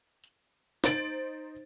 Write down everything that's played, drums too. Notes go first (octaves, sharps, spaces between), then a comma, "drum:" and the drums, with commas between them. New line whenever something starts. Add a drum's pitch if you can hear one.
drum: tambourine
D#4 C5 A6 D7 F#7, drum: snare